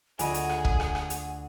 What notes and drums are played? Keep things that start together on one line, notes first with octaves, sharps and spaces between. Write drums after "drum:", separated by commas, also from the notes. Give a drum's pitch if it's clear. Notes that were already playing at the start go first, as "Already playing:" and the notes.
D2 F4 G#4 D#5 E5 F#5 G#5, drum: hi-hat
drum: hi-hat
drum: rim click
drum: kick
drum: rim click
drum: rim click
drum: hi-hat